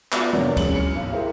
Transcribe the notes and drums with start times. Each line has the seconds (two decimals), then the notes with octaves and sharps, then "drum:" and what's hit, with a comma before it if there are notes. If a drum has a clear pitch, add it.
0.12 B3 F4 F#4 D5 E5, drum: clap
0.33 F2 C3 F#3 A#3 B3 D4
0.57 E1 C#4 G#4 F#7, drum: kick C#2, cymbal
0.75 F6 C#7
0.95 B1
1.12 E4 G4 G#4 A#4 C5